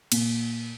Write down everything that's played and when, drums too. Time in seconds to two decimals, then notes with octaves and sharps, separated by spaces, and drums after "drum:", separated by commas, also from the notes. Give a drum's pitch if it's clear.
0.12 A#2, drum: cymbal